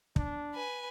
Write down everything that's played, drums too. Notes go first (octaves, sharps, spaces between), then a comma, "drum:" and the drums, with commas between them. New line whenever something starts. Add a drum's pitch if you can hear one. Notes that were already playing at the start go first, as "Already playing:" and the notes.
D4, drum: kick
B4 G#5